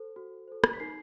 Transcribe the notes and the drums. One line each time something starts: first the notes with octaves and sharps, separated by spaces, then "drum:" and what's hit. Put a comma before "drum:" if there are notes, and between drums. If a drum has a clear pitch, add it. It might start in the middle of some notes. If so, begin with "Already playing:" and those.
Already playing: A4 C5
F#4
A4 C5
drum: rim click
B6
D#4 C7